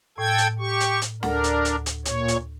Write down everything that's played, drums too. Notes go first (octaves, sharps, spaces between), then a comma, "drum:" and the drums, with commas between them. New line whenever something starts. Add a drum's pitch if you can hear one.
A2 A4 G5 G#6
drum: hi-hat
G4 C#6
drum: hi-hat
drum: hi-hat
D2 D4 A4 A#4 F#5, drum: snare
drum: hi-hat
drum: hi-hat
drum: hi-hat
A#2 C#5, drum: hi-hat
drum: hi-hat